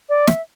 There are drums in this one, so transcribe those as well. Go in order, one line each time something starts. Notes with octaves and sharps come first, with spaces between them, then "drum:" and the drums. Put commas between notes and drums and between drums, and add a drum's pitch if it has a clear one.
D5
E5, drum: snare